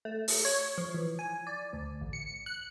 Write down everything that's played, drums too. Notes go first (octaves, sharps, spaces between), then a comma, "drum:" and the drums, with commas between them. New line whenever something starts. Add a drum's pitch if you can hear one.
A3
drum: open hi-hat
C#5
F3
E3
G#5
D5
D2
A1
C#7
F#6